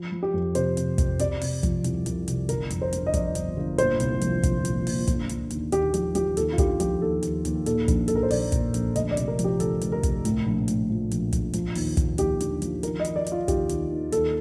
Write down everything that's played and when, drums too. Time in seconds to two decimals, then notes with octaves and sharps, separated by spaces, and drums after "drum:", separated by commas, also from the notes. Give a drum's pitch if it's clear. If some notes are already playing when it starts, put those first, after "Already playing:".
Already playing: F3
0.12 F3
0.23 G4
0.34 F2
0.55 C3 C5, drum: hi-hat
0.77 C3, drum: hi-hat
0.98 F2, drum: kick, hi-hat
1.19 C3 D5, drum: hi-hat
1.41 C3, drum: open hi-hat
1.63 F3, drum: kick, hi-hat
1.84 C2, drum: hi-hat
2.06 C2, drum: hi-hat
2.28 C3, drum: hi-hat
2.49 G1 A#4, drum: hi-hat
2.70 F2, drum: hi-hat
2.82 C5
2.93 D3, drum: hi-hat
3.07 D#5
3.14 F2 D5, drum: kick, hi-hat
3.35 G1, drum: hi-hat
3.57 G1
3.78 A#2 C5, drum: hi-hat
4.00 C2, drum: hi-hat
4.21 F3, drum: hi-hat
4.43 C2, drum: kick, hi-hat
4.65 A#2, drum: hi-hat
4.87 A#2, drum: open hi-hat
5.07 D3, drum: kick, hi-hat
5.29 D3, drum: hi-hat
5.50 D#2, drum: hi-hat
5.72 D#2 G4, drum: hi-hat
5.94 F3 G4, drum: hi-hat
6.15 F3 G4, drum: hi-hat
6.37 D#2 A4, drum: hi-hat
6.53 F4
6.58 D3 G4, drum: kick, hi-hat
6.80 F3 G4, drum: hi-hat
7.01 D#2 A4
7.23 D#2, drum: hi-hat
7.45 D#2, drum: hi-hat
7.66 A#2 A4, drum: hi-hat
7.88 A#1, drum: kick, hi-hat
8.08 A#1 A4, drum: hi-hat
8.15 A#4
8.23 C5
8.31 A#1 D5, drum: open hi-hat
8.52 A#2, drum: kick, hi-hat
8.74 A#1, drum: hi-hat
8.96 D2 D#5, drum: hi-hat
9.11 D5
9.17 C3, drum: hi-hat
9.28 A#4
9.39 F3, drum: hi-hat
9.44 G4
9.60 D2 A4, drum: hi-hat
9.81 D2, drum: hi-hat
9.92 A#4
10.03 C3, drum: kick, hi-hat
10.25 A2, drum: hi-hat
10.46 A#1
10.68 A2, drum: hi-hat
10.90 F3
11.11 A#1, drum: hi-hat
11.33 A#1, drum: kick, hi-hat
11.53 F3, drum: hi-hat
11.75 D#2, drum: open hi-hat
11.97 D#2, drum: kick, hi-hat
12.18 D#2 G4, drum: hi-hat
12.40 D3, drum: hi-hat
12.62 F3, drum: hi-hat
12.83 D#3 A#4, drum: hi-hat
13.00 D#5
13.05 D#3, drum: hi-hat
13.16 D5
13.27 D#3, drum: hi-hat
13.32 F4
13.48 D#2 G4, drum: kick, hi-hat
13.69 D#2, drum: hi-hat
13.91 D#3
14.12 D#2 A4, drum: hi-hat